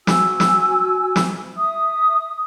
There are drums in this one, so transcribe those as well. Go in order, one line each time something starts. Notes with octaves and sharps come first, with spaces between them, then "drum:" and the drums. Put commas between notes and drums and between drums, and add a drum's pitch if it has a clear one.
F#4 G#5 E6, drum: snare
drum: snare
drum: snare
E5 D#6